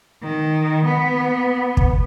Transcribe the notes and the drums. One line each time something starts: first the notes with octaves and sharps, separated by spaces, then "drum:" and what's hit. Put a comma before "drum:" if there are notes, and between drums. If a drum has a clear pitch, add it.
D#3
B3
drum: kick